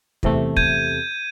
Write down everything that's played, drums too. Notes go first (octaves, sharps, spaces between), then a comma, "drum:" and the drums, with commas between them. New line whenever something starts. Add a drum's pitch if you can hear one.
E2 C3 A3, drum: kick
G6 G#6 D#7, drum: kick